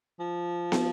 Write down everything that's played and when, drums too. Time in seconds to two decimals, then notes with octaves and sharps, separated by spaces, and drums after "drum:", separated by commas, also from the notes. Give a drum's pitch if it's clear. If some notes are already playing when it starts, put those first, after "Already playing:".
0.20 F3
0.72 drum: snare